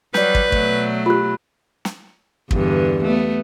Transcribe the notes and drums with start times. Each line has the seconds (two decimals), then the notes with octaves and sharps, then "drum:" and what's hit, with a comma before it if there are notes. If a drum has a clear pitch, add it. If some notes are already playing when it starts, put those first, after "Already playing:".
0.14 F#3 G3 B4 D5 G6, drum: snare
0.35 drum: kick
0.52 B2 F#3 A3, drum: kick
1.06 F4 G4 B5 F#6
1.85 drum: snare
2.51 E2 G2 D3, drum: kick
3.04 A3 B3